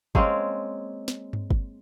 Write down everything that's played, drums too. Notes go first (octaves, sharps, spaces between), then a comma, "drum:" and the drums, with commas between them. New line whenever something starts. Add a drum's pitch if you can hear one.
G#3 A#3 C4 C#4, drum: kick G1
drum: snare
drum: tom G2
drum: kick G1